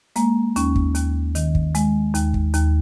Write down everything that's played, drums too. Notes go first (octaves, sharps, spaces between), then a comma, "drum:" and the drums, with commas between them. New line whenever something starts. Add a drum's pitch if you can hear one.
G#3 A#3, drum: hi-hat
D#2 C#4, drum: hi-hat
drum: kick
D#2, drum: hi-hat
D#3, drum: hi-hat
drum: kick
G#3, drum: hi-hat
D#2, drum: hi-hat
drum: kick
D#2, drum: hi-hat